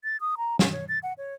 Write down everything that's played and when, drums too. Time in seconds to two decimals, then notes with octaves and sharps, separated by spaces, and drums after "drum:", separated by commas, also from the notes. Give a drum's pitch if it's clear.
0.04 A6
0.21 D#6
0.38 A#5
0.59 C#4, drum: snare
0.72 C#5
0.89 A6
1.03 F#5
1.18 C#5